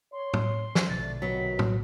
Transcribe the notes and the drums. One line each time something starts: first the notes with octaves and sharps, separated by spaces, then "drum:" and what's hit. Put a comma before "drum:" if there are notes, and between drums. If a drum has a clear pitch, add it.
C#5 C6
drum: tom
drum: snare
A#1 B2 D3 A3 C4 D5 A6
C3 D#3 F#3 B3 B6
drum: tom